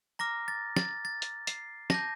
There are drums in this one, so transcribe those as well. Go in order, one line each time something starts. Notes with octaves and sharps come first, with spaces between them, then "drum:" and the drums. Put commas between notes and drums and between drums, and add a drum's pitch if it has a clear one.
A#5 D6 F6 A#6
A6
A6, drum: snare
A6
drum: hi-hat
C7, drum: hi-hat
A5 D6 G6 A#6, drum: snare